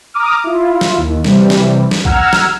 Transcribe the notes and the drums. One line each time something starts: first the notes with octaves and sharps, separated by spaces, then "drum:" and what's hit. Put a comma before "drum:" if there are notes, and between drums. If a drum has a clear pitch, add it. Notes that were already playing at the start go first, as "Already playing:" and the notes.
A#5 D6 D#6 F6
E4 F4
drum: snare
D#2
C3 E3 G3, drum: snare
drum: snare
drum: snare
F#5 A#5 E6 F6 G#6, drum: kick A#1
drum: snare